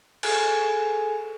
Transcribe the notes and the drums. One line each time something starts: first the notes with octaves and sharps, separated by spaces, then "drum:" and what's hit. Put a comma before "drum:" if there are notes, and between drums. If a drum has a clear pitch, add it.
G#4 A4 G#5, drum: cymbal